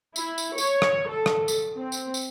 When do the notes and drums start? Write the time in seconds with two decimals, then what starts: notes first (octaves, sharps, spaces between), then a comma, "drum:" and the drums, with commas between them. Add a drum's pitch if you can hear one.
0.16 E4, drum: tambourine
0.38 drum: tambourine
0.58 C#5, drum: tambourine
0.82 drum: rim click
1.10 A4
1.26 drum: rim click
1.48 drum: tambourine
1.79 C4
1.92 drum: tambourine
2.14 drum: tambourine